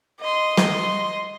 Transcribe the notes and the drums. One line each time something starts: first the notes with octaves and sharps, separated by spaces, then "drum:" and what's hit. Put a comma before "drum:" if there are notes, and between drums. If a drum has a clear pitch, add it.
D#5 C6
drum: snare